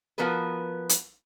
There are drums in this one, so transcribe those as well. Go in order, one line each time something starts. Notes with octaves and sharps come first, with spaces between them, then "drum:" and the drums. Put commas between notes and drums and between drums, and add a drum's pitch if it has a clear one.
F3 B3 F#4 A#4 B4
drum: hi-hat